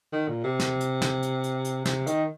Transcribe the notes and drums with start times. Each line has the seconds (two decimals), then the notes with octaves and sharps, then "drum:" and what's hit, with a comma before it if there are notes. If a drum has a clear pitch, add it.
0.12 D#3
0.28 A#2
0.44 C3
0.60 drum: snare
0.81 drum: hi-hat
1.02 drum: snare
1.23 drum: hi-hat
1.44 drum: hi-hat
1.65 drum: hi-hat
1.85 C3, drum: snare
2.07 D#3, drum: hi-hat